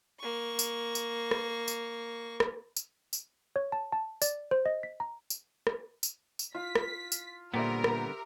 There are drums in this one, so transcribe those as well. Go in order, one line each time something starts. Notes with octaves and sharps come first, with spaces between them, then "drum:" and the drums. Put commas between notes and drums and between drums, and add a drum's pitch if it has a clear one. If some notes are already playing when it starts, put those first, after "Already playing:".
A#3 C#6
drum: tambourine
drum: tambourine
drum: rim click
drum: tambourine
drum: rim click
drum: tambourine
drum: tambourine
C#5
A5
A5
D5, drum: tambourine
C5
D#5
B6
A#5
drum: tambourine
drum: rim click
drum: tambourine
drum: tambourine
F4 B6
drum: rim click
drum: tambourine
A#2 D3 G3 B3 G4 A#4 C5 E5
drum: rim click